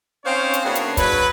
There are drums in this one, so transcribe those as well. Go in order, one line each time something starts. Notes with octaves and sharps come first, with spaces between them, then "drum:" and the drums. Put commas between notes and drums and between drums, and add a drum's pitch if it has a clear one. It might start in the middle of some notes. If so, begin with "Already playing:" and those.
C4 C#4 D#4 C5 C#5 F5
drum: hi-hat
C#3 A#3 B3 D4 E4 F#4
drum: hi-hat
F#3 B4, drum: kick, hi-hat